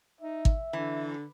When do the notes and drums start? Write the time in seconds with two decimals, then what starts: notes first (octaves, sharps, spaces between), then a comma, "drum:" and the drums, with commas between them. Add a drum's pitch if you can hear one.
0.21 D#4 E5
0.45 drum: kick
0.73 D3 E3